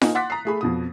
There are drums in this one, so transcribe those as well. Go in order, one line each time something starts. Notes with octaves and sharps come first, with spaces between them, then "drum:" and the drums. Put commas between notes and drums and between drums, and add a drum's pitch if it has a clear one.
A#3 D#4 G#5, drum: snare F4
F#5 C6 D6 F#6 A6 B6
A#5 D#6 C7
A3 G#4 B5
F2 B2 D#6